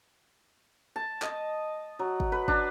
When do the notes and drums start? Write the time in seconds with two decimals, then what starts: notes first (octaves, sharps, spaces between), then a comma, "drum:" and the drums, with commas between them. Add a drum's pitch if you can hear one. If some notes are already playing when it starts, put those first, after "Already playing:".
0.96 A5
1.22 D#5, drum: clap
1.99 F#3
2.20 drum: kick
2.32 B4
2.48 D4, drum: kick